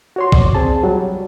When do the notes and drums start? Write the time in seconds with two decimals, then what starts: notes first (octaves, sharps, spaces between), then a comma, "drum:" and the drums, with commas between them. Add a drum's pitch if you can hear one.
0.16 F#4 C#5 C6
0.32 D5, drum: kick A#1
0.55 C4 G#4 A5
0.83 F#3 G3